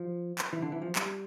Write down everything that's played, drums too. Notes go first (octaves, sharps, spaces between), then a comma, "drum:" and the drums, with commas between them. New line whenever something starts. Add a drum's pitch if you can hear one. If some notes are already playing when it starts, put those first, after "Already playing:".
Already playing: F3
drum: clap
E3
D3
E3
F3
G3, drum: clap